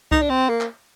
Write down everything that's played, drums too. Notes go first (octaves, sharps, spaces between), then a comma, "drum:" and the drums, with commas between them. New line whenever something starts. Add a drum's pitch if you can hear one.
D#4, drum: kick C2
D4
C4
A#3
drum: clap